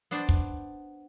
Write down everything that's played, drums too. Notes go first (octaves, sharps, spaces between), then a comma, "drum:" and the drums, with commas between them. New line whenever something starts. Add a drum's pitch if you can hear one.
B3 D4 C5 D5
drum: kick